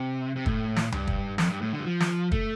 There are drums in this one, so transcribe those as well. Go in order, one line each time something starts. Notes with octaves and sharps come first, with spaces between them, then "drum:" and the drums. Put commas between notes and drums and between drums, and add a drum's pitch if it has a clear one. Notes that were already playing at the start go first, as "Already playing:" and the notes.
Already playing: C3
C3
A2, drum: kick
drum: snare
G2, drum: tom C#2
drum: kick
F2, drum: snare
G2
A2
D3
G3
F3
drum: snare
A3, drum: kick